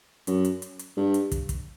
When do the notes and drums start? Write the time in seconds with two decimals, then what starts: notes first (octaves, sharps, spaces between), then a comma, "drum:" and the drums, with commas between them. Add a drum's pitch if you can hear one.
0.27 F#2, drum: hi-hat
0.45 drum: hi-hat
0.62 drum: hi-hat
0.79 drum: hi-hat
0.97 G2
1.14 drum: hi-hat
1.32 drum: kick, hi-hat
1.49 drum: kick, hi-hat